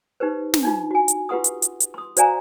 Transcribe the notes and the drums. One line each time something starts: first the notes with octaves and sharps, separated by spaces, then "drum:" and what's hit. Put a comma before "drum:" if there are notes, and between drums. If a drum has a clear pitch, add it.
D#4 G4 B4 C5
drum: snare
D4 D#4 F4
F#4 G#5
drum: hi-hat
F4 G4 B4 F#5 C6 D#6
drum: hi-hat
drum: hi-hat
drum: hi-hat
C6 D#6
F#4 C5 D5 F5 G#5 A#5, drum: hi-hat